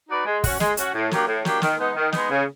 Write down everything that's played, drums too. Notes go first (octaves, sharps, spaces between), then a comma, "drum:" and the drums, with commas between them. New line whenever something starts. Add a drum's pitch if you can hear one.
D#4 F#4 B4 D5
G#3
C#4 F#4, drum: kick, open hi-hat
G#3, drum: snare
C#4 F#4, drum: hi-hat
A2
F#3 A#3 D4 G4, drum: snare
A2
F#3 A#3 D4 G4, drum: snare
D#3, drum: snare
G#3 B3 D#4
D#3
G#3 B3 D#4, drum: snare
C#3